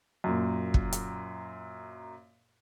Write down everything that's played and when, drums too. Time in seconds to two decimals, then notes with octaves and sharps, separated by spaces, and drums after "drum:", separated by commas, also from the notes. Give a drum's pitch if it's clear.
0.24 F#2 A#2
0.74 drum: kick
0.93 drum: hi-hat